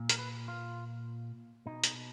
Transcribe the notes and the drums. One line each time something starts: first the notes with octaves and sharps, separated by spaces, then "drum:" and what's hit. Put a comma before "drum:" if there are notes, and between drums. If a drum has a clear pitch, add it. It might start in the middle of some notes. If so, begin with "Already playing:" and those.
Already playing: A#2
A#4, drum: hi-hat
B4
F4
B2 D#4
drum: hi-hat